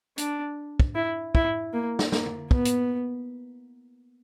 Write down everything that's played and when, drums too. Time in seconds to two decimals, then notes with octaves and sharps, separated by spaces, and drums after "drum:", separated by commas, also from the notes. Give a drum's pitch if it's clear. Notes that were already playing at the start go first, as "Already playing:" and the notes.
0.18 D4, drum: hi-hat
0.80 drum: kick
0.95 E4
1.35 E4, drum: kick
1.73 A#3
1.99 drum: snare
2.12 A#3, drum: snare
2.26 drum: tom
2.51 B3, drum: kick
2.65 drum: hi-hat